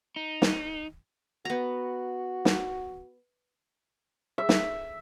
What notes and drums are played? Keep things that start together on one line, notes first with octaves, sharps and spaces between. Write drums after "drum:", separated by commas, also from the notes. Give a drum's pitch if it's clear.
D#4
drum: snare
B3 F#4 A#5
drum: snare
E5
drum: snare